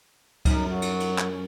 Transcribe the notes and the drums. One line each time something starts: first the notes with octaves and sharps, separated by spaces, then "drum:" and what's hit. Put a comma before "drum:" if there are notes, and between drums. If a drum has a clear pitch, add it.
F#2 D#4, drum: kick C#2, cymbal
F#3
drum: cymbal
drum: cymbal
drum: clap
C#4